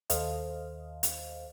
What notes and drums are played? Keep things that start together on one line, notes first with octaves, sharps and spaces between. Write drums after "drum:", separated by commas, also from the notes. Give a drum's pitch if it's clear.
D#2 A4 C5 D#5 F5, drum: hi-hat
drum: hi-hat